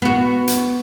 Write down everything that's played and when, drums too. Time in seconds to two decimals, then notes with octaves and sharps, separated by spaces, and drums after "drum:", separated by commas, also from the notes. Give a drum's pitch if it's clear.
0.02 B3 F#4
0.47 drum: hi-hat